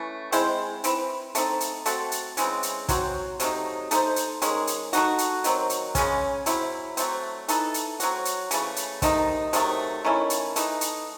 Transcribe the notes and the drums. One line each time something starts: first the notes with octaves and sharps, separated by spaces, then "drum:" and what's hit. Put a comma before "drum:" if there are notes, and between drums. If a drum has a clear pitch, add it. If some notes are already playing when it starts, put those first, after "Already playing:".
Already playing: E3 A3 C#4
G#3 C4 E4 C5, drum: hi-hat
E3 C4 E4, drum: hi-hat
A3 C4 D#4 A4, drum: hi-hat
drum: hi-hat
A3 C4 F#4 A4, drum: hi-hat
drum: hi-hat
C#3 E3 G#3 C4, drum: hi-hat
drum: hi-hat
F#3 C4 F#4 C5, drum: kick, hi-hat
C3 F#3 A3 D#4, drum: hi-hat
A3 D#4 A4 C5, drum: hi-hat
drum: hi-hat
D#3 G#3 C#4 G#4, drum: hi-hat
drum: hi-hat
A3 D#4 F#4, drum: hi-hat
drum: hi-hat
D#3 F#3 C4, drum: hi-hat
drum: hi-hat
C#3 G#3 C#4, drum: kick, hi-hat
F#3 C4 E4, drum: hi-hat
F#3 A3 C4, drum: hi-hat
E3 A3 D#4 A4, drum: hi-hat
drum: hi-hat
F#3 C4 F#4, drum: hi-hat
drum: hi-hat
C#3 E3 A3, drum: hi-hat
drum: hi-hat
C3 D#3 A3 D#4, drum: kick, hi-hat
C3 D#3 F#3 A3, drum: hi-hat
D#3 A3 C#4 E4
drum: hi-hat
E3 A3 D#4, drum: hi-hat
drum: hi-hat